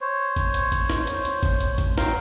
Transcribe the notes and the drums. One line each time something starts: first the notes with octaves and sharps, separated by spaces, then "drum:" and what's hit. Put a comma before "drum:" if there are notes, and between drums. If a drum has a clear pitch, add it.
C5 C#5
drum: kick G#1, hi-hat
drum: hi-hat
drum: kick G#1, hi-hat
drum: snare
drum: hi-hat
drum: hi-hat
drum: kick G#1, hi-hat
drum: hi-hat
drum: kick G#1, hi-hat
F#3 F5 G5 A#5, drum: snare